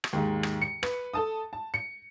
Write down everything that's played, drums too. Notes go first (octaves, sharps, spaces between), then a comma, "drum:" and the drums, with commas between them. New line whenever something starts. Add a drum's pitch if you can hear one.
drum: rim click
D#2 G#2
drum: rim click
C#7
B4, drum: rim click
A4 A5 D#6
A5
C#7